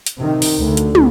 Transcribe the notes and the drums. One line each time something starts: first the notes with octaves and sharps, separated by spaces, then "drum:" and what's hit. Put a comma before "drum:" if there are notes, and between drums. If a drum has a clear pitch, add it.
drum: hi-hat
C3 D#3
drum: open hi-hat
D2
drum: hi-hat
drum: tom